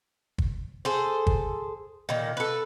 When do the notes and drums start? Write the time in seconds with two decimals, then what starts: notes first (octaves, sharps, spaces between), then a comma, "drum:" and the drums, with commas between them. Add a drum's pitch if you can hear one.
0.38 drum: kick
0.85 G#4 A4 C5
1.27 drum: kick
2.09 A#2 D#3
2.37 A4 B4